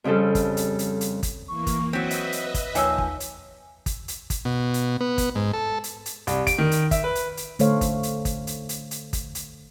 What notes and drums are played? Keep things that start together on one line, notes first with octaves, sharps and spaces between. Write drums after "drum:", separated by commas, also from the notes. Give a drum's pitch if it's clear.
F2 C#3 F3 G3 A4
drum: kick, hi-hat
drum: hi-hat
drum: hi-hat
drum: hi-hat
drum: kick, hi-hat
E3 A#3 C#6
drum: kick, hi-hat
F#3 C4 B4 D#5 E5 B6
drum: hi-hat
drum: hi-hat
drum: kick, hi-hat
D#2 A#2 F3 C#5 G#5 E6, drum: hi-hat
drum: kick
drum: hi-hat
drum: kick, hi-hat
drum: hi-hat
drum: kick, hi-hat
B2
drum: hi-hat
B3
drum: kick, hi-hat
G#2
A4
drum: hi-hat
drum: hi-hat
C2, drum: hi-hat
D7, drum: kick, hi-hat
D#3
drum: hi-hat
E5, drum: kick, hi-hat
B4
drum: hi-hat
drum: hi-hat
D3 A3 A4 C5 C#5 F5, drum: hi-hat
drum: kick, hi-hat
drum: hi-hat
drum: kick, hi-hat
drum: hi-hat
drum: hi-hat
drum: hi-hat
drum: kick, hi-hat
drum: hi-hat